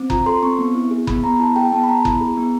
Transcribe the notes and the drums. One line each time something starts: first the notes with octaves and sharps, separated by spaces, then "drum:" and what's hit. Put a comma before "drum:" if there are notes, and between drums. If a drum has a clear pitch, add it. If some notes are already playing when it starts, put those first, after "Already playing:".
Already playing: C4
F4 A#5, drum: kick F#1
A4 C6
C4 C#6
B3
E4
G#4
B3 B5, drum: kick F#1
B3 A#5
E4 A5
G#4 G5
B3 A5
B5
B3 A#5
E4, drum: kick F#1
G#4
B3